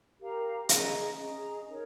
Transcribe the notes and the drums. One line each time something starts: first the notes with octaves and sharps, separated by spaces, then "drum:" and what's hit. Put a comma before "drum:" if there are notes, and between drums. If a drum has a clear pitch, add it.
G4 A#4 F5 A#5
C#4 G#4 D#5 A#5, drum: hi-hat
C#4 G#4 D#5 A#5
D#4 A#4 C#5